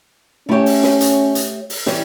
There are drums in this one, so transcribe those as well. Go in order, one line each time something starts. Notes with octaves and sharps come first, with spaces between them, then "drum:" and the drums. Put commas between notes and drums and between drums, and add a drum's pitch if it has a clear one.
A3 C#4 E4 G4 C#5 E5
drum: open hi-hat
drum: snare
drum: hi-hat
drum: hi-hat
drum: open hi-hat
E3 G3 C#4, drum: snare